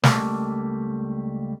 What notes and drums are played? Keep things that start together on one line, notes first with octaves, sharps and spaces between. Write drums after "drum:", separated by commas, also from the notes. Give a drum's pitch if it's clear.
C#2 G3 A3 A#3, drum: snare